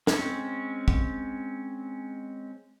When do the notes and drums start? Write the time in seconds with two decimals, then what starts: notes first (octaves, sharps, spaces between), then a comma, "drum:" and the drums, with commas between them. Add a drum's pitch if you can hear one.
0.07 G#3 C4 C#4, drum: snare
0.88 drum: kick